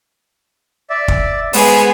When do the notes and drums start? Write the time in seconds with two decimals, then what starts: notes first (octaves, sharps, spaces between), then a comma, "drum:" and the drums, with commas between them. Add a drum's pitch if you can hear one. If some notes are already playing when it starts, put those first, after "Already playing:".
0.90 D5 E5
1.08 drum: kick
1.53 G#3 B3 G#4 C5, drum: open hi-hat